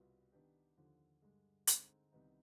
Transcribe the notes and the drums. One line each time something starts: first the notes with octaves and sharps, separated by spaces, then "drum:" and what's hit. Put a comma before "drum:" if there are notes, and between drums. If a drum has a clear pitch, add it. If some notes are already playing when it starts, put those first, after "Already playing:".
Already playing: C2 B2 B3 F4
D#3 B3 D4 G4
D#2 D3 F3
G2 D3 G#3
D3 G#3 C4 D#4, drum: hi-hat
C2 C3 D#3 B3 D#4